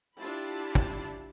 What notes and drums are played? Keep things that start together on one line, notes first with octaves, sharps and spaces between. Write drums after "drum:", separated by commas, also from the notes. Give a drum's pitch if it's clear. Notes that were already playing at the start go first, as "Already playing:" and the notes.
D4 E4 F4 G4 A5 B5
drum: kick